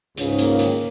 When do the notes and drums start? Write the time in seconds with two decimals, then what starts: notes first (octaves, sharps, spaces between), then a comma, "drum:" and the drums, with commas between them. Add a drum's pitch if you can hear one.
0.17 C#2 G#2 C#3, drum: hi-hat
0.39 A#3, drum: hi-hat
0.59 D#3, drum: hi-hat